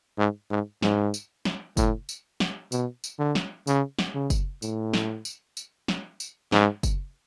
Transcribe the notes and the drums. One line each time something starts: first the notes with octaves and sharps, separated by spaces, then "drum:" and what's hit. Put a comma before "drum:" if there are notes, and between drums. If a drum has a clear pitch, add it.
G#2
G#2
G#2, drum: snare
drum: tambourine
drum: snare
A2, drum: kick, tambourine
drum: tambourine
drum: snare
B2, drum: tambourine
drum: tambourine
D3
drum: snare
C#3, drum: tambourine
drum: snare
C#3
drum: kick, tambourine
A2, drum: tambourine
drum: snare
drum: tambourine
drum: tambourine
drum: snare
drum: tambourine
G#2, drum: snare
drum: kick, tambourine